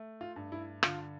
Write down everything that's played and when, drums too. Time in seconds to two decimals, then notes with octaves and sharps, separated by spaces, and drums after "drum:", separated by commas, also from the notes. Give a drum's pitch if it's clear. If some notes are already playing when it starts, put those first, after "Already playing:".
Already playing: A3
0.21 F4
0.36 G2
0.52 E4
0.83 D3 F4, drum: rim click